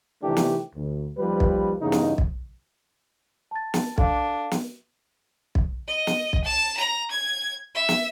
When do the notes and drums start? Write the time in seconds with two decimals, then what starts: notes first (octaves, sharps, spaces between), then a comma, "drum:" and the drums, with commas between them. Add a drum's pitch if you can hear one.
0.23 C3 D#3 E3 A3 D4 G4
0.37 drum: snare
0.76 D2
1.18 D#2 F3 G3 B4
1.40 drum: kick
1.81 E2 G2 C#3 A#3 D#4
1.92 drum: snare
2.18 drum: kick
3.51 A5 A6
3.74 drum: snare
3.98 D4 A4 F5, drum: kick
4.51 drum: snare
5.55 drum: kick
5.88 D#5
6.07 drum: snare
6.33 drum: kick
6.44 A5
6.77 A#5
7.11 G#6
7.75 E5
7.89 drum: snare